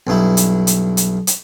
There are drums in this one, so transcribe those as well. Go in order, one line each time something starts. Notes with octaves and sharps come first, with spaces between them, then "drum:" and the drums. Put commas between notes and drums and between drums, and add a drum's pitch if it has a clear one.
B1 G2 D#4 E4
drum: hi-hat
drum: hi-hat
drum: hi-hat
drum: hi-hat